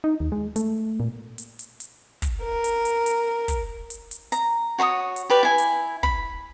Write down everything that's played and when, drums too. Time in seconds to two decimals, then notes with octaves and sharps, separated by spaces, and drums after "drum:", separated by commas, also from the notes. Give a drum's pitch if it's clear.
0.04 D#4
0.20 D#2
0.32 G#3
0.56 A3, drum: hi-hat
1.00 A#2
1.38 drum: hi-hat
1.59 drum: hi-hat
1.80 drum: hi-hat
2.22 drum: kick, hi-hat
2.43 A#4
2.64 drum: hi-hat
2.85 drum: hi-hat
3.06 drum: hi-hat
3.48 drum: kick, hi-hat
3.90 drum: hi-hat
4.11 drum: hi-hat
4.32 A#5, drum: hi-hat
4.78 F#4 C#5 A#5 D#6
5.16 drum: hi-hat
5.30 G4 B4 D5
5.43 E4 G#5
5.58 drum: hi-hat
6.03 B5, drum: kick